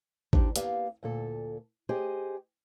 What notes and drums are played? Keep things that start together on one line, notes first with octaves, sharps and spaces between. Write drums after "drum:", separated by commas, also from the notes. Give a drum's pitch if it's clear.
D4 D#4 G4 C5, drum: kick
A#3 B3 G4 D5 F5, drum: hi-hat
D2 A#2 A4
G4 G#4 C5 D#5